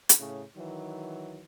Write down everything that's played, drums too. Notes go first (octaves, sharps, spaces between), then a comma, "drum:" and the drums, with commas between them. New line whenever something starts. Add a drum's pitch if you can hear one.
drum: hi-hat
A2 C#3
D#3 E3 F#3